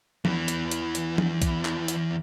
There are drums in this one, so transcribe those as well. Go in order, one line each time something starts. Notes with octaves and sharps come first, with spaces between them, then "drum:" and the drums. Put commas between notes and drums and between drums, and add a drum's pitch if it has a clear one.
E2 E3, drum: tom F3
drum: hi-hat
drum: hi-hat
drum: hi-hat
drum: tom F3
drum: kick B1, hi-hat
drum: clap
drum: hi-hat